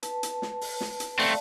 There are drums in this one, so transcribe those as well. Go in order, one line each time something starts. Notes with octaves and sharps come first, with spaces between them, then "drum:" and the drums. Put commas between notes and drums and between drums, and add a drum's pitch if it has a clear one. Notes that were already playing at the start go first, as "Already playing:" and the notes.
B4 A5, drum: hi-hat
drum: hi-hat
drum: snare
drum: open hi-hat
drum: snare
drum: hi-hat
A3 C4 D5 F5 A5, drum: open hi-hat